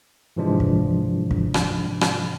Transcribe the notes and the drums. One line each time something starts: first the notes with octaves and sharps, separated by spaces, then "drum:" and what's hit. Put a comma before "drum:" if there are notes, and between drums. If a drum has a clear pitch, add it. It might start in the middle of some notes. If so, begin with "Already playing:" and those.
G#2 C3 E3 F3 G#3 D4
drum: kick
drum: kick
drum: rim click
drum: rim click